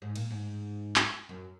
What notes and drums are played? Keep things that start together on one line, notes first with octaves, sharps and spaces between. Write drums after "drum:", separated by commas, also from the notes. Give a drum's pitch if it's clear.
G#2
A#2, drum: cymbal
G#2
drum: clap
F#2